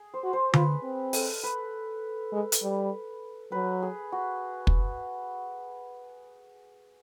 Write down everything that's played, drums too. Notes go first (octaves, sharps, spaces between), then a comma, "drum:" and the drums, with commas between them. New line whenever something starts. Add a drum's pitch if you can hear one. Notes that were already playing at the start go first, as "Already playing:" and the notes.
Already playing: G#4
C5
F#4
C5
F4 B4, drum: tom D3
C4
A4, drum: open hi-hat
B4
G#3
drum: hi-hat
G3
F#3 B4
G#4
F#4
drum: kick